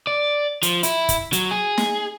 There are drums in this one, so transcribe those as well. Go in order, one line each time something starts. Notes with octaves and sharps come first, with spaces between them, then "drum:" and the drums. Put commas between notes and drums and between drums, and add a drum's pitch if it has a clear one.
D5
F3, drum: hi-hat
E4, drum: hi-hat
drum: kick, hi-hat
F#3, drum: hi-hat
G#4
drum: snare